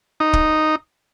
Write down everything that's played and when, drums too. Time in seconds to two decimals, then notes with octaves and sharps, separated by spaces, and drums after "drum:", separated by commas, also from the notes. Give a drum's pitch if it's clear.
0.20 D#4
0.33 drum: kick